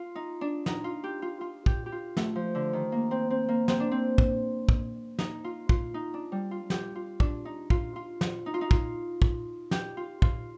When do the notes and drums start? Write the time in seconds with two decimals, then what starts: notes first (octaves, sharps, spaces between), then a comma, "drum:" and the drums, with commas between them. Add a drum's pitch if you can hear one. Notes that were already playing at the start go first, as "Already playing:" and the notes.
Already playing: F4
0.15 D#4
0.41 D4
0.66 D#4, drum: snare
0.84 F4
1.04 G4
1.22 F4
1.41 F4
1.66 G4, drum: kick
1.86 G4
1.92 F4
2.17 A3, drum: snare
2.35 F3
2.55 D3
2.73 D#3
2.92 A#3
3.11 C4
3.30 C4
3.49 A#3
3.68 C4, drum: snare
3.80 D4
3.91 C4
4.18 drum: kick
4.69 drum: kick
5.19 D#4, drum: snare
5.44 F4
5.69 F4, drum: kick
5.94 D#4
6.14 D4
6.32 G3
6.51 F4
6.70 G4, drum: snare
6.95 F4
7.20 D4, drum: kick
7.45 D#4
7.70 F4, drum: kick
7.96 F4
8.21 drum: snare
8.46 D#4
8.54 F4
8.61 D#4
8.71 F4, drum: kick
9.22 drum: kick
9.71 G4, drum: snare
9.97 F4
10.22 F4, drum: kick